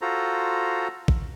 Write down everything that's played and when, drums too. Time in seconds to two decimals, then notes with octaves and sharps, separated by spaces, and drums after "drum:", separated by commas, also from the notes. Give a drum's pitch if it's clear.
0.02 F4 F#4 A4 C5 A#5
1.08 drum: kick